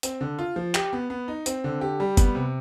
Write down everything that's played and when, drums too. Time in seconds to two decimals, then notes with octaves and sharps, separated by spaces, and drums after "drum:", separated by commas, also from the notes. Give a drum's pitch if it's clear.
0.03 C4, drum: hi-hat
0.21 D3
0.39 F4
0.56 F3
0.75 G4, drum: clap
0.93 B3
1.10 B3
1.28 D#4
1.46 C4, drum: hi-hat
1.64 D3
1.81 G4
2.00 G3
2.17 B3, drum: kick, hi-hat
2.35 C3